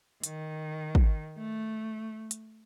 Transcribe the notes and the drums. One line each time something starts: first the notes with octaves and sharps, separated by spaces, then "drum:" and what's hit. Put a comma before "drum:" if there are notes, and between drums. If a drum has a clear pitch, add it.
D#3, drum: hi-hat
drum: kick
A3
drum: hi-hat